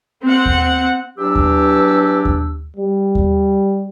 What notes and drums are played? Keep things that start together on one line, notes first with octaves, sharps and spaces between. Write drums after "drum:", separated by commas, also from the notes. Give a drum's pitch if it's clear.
C4 F#5
drum: kick D#2
E2 G2 F#3 D4 G4 E6
drum: kick D#2
drum: kick D#2
G3
drum: kick D#2